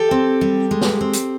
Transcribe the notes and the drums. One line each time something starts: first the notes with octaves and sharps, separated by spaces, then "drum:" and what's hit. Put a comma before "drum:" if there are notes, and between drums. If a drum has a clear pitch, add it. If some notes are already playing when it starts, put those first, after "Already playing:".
Already playing: G4 A4
C4
G3
G#3
drum: snare
C4
drum: hi-hat